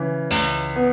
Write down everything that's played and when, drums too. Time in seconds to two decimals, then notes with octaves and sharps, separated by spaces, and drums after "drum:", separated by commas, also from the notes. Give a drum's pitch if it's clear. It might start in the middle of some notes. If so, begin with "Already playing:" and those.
Already playing: C#3 E3
0.31 C#2, drum: open hi-hat
0.76 B3